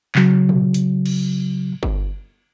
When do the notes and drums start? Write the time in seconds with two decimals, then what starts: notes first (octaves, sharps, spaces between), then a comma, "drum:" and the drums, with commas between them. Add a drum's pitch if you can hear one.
0.15 C#3 F#3, drum: clap
0.49 drum: tom A#2
0.74 drum: hi-hat
1.06 drum: cymbal
1.83 drum: kick G1